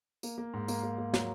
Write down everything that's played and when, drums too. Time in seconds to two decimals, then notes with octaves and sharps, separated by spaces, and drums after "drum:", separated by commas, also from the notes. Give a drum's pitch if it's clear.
0.23 A#3, drum: tambourine
0.38 A#3
0.53 G#2
0.68 A#3, drum: tambourine
0.83 A#3
0.98 A#3
1.14 F#3, drum: snare